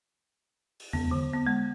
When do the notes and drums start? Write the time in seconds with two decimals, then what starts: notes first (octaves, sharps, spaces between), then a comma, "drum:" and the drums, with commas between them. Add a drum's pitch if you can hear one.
0.80 drum: open hi-hat
0.93 B3, drum: tom E2
1.11 D3
1.34 B3
1.47 G#3